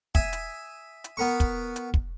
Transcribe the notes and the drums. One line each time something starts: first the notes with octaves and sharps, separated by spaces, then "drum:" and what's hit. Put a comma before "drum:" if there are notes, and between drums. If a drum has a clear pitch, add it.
E5 G#5 D#6, drum: kick
drum: hi-hat
drum: hi-hat
B3 A#4 C#6
drum: kick, hi-hat
drum: hi-hat
drum: kick